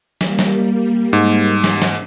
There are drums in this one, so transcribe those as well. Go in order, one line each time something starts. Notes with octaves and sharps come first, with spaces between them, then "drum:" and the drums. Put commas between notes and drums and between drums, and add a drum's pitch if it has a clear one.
G3 A#3, drum: snare
drum: snare
G#2
drum: snare
drum: snare